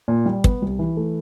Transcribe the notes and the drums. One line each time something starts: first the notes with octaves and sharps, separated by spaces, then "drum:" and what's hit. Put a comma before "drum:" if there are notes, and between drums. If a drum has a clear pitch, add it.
A#2
G3
B3, drum: kick
C2
E3
A3